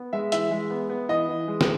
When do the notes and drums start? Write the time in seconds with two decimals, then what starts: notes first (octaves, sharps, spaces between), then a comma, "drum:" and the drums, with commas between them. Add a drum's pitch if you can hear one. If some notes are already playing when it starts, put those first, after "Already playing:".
Already playing: B3
0.13 G#3 E5
0.32 E3 E5, drum: hi-hat
0.51 G#3
0.70 B3
0.89 B3
1.09 E3 D#5
1.29 E3
1.48 G#3
1.61 drum: snare